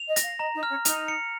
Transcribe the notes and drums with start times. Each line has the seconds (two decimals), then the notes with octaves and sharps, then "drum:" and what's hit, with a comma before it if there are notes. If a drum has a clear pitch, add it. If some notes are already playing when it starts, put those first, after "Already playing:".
Already playing: F7
0.08 D#5
0.16 A#6, drum: hi-hat
0.24 F5
0.39 D#5 A#5
0.55 D#4
0.63 F6
0.70 C#4
0.85 D#4 F7, drum: hi-hat
1.08 C#7